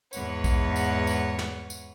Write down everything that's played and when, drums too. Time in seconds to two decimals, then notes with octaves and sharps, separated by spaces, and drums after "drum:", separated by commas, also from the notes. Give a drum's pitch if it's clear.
0.13 E2 G#2 B4 C#5 F#5, drum: tambourine
0.44 drum: kick, tambourine
0.76 drum: tambourine
1.07 drum: tambourine
1.39 drum: snare
1.70 drum: tambourine